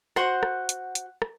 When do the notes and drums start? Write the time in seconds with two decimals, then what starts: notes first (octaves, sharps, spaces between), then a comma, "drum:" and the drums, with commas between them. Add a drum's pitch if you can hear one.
0.16 F#4 C5 F#5, drum: rim click
0.43 drum: rim click
0.69 drum: hi-hat
0.95 drum: hi-hat
1.22 drum: rim click